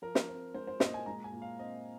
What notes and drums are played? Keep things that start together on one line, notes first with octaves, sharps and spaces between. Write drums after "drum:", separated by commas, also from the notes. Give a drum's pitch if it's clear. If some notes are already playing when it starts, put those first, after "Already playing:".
F3 A#4
drum: snare
C4
G#3 C5
C5
A#2 D#5, drum: snare
G#5
G#3 A#5
G#5
A#2
F5
C4 D#5